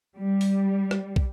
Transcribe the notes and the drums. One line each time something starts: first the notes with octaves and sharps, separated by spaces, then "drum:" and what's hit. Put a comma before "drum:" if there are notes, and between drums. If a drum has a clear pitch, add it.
G3
drum: open hi-hat
drum: rim click
drum: kick